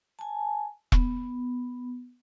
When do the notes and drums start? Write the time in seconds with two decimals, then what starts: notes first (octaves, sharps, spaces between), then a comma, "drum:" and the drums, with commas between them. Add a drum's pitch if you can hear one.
0.19 G#5 A5
0.92 B3, drum: kick E1